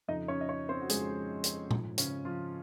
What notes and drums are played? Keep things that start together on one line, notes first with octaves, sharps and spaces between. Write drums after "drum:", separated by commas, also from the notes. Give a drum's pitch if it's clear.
F2 C#3 F3 D#4 D#5
C#4 C#5
D#5
C#4 C#5
C4 C5
F#4
F2 C#3 F3 G#3 G#4, drum: hi-hat
drum: hi-hat
G#2 F3, drum: tom
C#3 C#4, drum: hi-hat
F3 F4